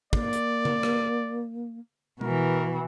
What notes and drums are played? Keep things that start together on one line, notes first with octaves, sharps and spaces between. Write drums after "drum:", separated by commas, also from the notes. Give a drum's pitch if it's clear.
A#3 D5, drum: kick
drum: hi-hat
drum: tom C#3
drum: rim click
B2 E3 A#4, drum: tom G#3